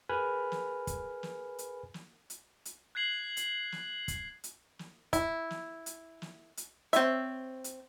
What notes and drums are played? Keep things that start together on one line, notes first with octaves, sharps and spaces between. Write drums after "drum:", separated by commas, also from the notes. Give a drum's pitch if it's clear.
G#4 A#4 B4 G#5 B5 F6
drum: snare
drum: kick, hi-hat
drum: snare
drum: hi-hat
drum: snare
drum: hi-hat
drum: hi-hat
F#6 G#6 C7 F#7
drum: hi-hat
drum: snare
drum: kick, hi-hat
drum: hi-hat
drum: snare
E4, drum: kick, hi-hat
drum: snare
drum: hi-hat
drum: snare
drum: hi-hat
C4 C#5 E5, drum: hi-hat
drum: hi-hat